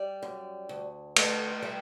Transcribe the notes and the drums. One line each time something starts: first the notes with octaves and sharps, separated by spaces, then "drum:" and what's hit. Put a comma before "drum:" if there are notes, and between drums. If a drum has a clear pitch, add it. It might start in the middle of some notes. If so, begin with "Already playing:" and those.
Already playing: G3 D5
F#2
D2
A3, drum: cymbal
G3 E5